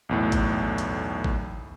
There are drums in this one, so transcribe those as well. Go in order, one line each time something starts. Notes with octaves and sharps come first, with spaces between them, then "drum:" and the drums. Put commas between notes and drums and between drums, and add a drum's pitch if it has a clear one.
B1 E2 A2
drum: kick G#1, hi-hat
drum: hi-hat
drum: kick G#1